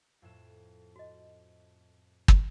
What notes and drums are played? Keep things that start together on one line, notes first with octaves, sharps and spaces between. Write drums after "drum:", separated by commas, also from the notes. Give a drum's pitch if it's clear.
F2 A2 E7
F#4 D#5
drum: kick